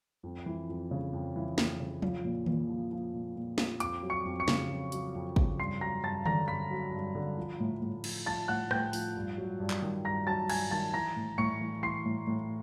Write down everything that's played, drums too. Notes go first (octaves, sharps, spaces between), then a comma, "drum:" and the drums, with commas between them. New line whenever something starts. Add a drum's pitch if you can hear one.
F2
E3
F2
C#3
F2
E3
F2, drum: snare
C#3
F3, drum: tom F3
A#2
A#2, drum: tom D#3
F3
F3
A#2
A#2
F3, drum: snare
F2 D6 D7, drum: hi-hat
F#3
C#6 C#7
F2
C#6 C#7
C#3, drum: snare
F2
F#3, drum: hi-hat
F2
C#3, drum: kick
G2 C6 C7
F#3 A#5 A#6
G2 A5 A6
D3 A#5 A#6, drum: tom D#3
G2 B5 B6
F#3
G2
D3
F3
A2
A2
F3, drum: cymbal
F3 A5 A6
A2 F#5 F#6
A2 G5 G6, drum: rim click
F3, drum: open hi-hat
G2
F#3
G2
drum: clap
D#3
G2 A#5 A#6
F#3 A5 A6
G2 G#5 G#6, drum: cymbal
D#3 A5 A6
E3 A#5 A#6
A2
A2 C#6 C#7
E3
E3 C6 C7
A2
A2